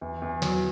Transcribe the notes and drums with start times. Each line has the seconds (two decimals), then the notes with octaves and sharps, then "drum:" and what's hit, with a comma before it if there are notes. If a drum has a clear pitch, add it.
0.01 E2
0.22 E2
0.42 F#3, drum: snare